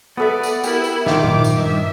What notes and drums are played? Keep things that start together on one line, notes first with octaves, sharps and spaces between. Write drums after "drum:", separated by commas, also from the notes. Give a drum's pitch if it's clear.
B3 F#4 A4 D5 E5
drum: tambourine
E4 G4 A#4, drum: tambourine
drum: tambourine
D#3 F4 C5 E5 D6, drum: snare
drum: tom A#2
drum: tambourine
G2 E5